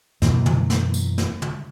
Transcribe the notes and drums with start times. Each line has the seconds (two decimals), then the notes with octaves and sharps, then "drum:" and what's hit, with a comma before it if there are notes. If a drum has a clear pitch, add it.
0.22 F#2 B2 E3 A#3, drum: snare
0.46 drum: tom
0.70 drum: snare
0.94 drum: tambourine
1.18 drum: snare
1.42 drum: tom